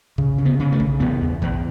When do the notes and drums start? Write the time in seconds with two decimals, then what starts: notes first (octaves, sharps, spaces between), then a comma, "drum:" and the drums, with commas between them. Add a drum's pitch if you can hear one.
0.18 C#3, drum: kick
0.38 C#3
0.45 B3
0.60 C#3
0.72 A3
0.80 C#3, drum: kick
1.00 E2 B3
1.21 E2
1.42 E2, drum: kick